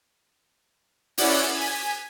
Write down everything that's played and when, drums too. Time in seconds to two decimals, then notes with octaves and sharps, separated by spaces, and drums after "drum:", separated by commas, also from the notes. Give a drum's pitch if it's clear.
1.18 C#4 E4 D5 F#5, drum: open hi-hat
1.54 G#5 B6